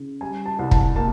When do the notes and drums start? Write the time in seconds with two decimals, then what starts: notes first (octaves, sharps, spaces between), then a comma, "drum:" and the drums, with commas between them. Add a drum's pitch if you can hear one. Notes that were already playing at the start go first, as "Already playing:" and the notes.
Already playing: C#3
0.21 G3 G#5
0.46 A5
0.59 C2
0.71 A5, drum: kick
0.96 A#3 A5